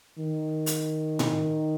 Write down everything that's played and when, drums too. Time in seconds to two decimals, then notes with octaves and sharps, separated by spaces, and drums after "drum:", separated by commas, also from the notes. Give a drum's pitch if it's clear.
0.18 D#3
0.66 drum: hi-hat
1.19 drum: tom A2